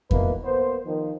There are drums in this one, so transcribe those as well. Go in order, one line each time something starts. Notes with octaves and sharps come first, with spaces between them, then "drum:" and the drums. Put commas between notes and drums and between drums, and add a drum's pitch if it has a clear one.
B1 B2 E3 A#3 B4, drum: kick F2
A#3 B3 C5
D#3 F3